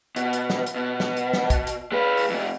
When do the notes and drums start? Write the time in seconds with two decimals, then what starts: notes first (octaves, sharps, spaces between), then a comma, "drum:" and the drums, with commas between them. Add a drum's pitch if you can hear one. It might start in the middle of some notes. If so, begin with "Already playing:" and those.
0.16 B2, drum: hi-hat
0.33 drum: hi-hat
0.50 drum: snare
0.66 drum: hi-hat
0.75 B2
1.00 drum: snare
1.17 drum: hi-hat
1.33 drum: snare
1.50 drum: kick, hi-hat
1.67 drum: hi-hat
1.92 G#3 B4
2.17 drum: open hi-hat
2.30 F2 C3